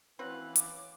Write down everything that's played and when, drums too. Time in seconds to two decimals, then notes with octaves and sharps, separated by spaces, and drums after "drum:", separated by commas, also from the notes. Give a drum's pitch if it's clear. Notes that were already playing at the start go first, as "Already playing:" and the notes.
0.19 E3 C4 C#4 F#4 B4 F5 F#6
0.56 D6, drum: hi-hat